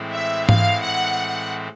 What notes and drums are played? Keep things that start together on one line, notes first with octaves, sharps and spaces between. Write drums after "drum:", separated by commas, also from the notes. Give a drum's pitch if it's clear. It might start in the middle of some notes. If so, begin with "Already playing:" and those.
Already playing: A2 E3 G#3 C4 E4
E5
F5, drum: tom G#2
F#5